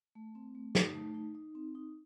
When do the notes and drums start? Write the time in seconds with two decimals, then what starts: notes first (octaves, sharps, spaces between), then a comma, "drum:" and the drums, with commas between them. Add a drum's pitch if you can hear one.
0.15 A3
0.35 C4
0.55 A3
0.75 D#4, drum: snare
0.95 A3
1.15 D#4
1.35 D#4
1.55 C4
1.75 D#4